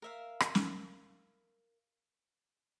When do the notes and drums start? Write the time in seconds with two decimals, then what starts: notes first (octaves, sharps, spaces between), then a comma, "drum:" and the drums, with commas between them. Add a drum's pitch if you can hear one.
0.02 A#4 E5 F5
0.40 drum: rim click
0.55 drum: snare